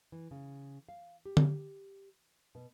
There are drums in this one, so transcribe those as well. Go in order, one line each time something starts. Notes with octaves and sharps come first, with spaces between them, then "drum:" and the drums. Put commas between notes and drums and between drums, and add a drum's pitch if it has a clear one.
E3
C#3
F5
G4
drum: tom D3
B2